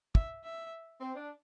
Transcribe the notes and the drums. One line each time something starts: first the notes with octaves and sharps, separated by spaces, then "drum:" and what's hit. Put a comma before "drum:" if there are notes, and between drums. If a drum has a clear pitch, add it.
E5, drum: kick
E5
C4
D4